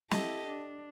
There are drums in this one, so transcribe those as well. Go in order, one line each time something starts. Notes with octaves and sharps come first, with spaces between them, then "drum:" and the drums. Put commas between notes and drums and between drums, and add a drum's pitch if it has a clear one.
E4 G4 A4 D#5, drum: snare
D4